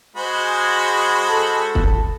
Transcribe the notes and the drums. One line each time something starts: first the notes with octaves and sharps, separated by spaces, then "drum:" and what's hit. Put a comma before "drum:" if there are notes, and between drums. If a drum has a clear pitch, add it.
G#3 F#4 C5 B5
A4
drum: kick